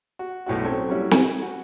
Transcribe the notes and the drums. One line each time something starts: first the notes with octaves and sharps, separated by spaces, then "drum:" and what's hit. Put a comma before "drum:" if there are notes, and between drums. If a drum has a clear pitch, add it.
F#4
B1 A2 E4 F#4
F#3 C4 C#4 A4 C#5 G5
F#3 G3 A#3 C#4 E4
G#5, drum: snare
F#4